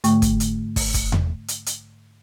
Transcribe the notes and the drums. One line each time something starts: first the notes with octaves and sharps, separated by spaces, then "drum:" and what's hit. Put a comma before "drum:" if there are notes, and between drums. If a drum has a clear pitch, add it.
G#2 D3 A3 G5 C#6, drum: hi-hat
drum: kick, hi-hat
drum: hi-hat
drum: kick, open hi-hat
drum: kick, hi-hat
drum: tom E2
drum: hi-hat
drum: hi-hat